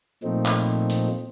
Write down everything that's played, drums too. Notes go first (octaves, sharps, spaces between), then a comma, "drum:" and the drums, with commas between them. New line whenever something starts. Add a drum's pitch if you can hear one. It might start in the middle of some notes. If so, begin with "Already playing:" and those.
A#2 F3 A3 C4 D#4
drum: clap
drum: hi-hat